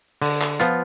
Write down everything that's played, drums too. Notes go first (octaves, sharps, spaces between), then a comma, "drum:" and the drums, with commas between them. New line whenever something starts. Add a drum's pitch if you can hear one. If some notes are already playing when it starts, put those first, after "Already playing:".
D3, drum: open hi-hat
drum: clap
F3 B3 F4, drum: hi-hat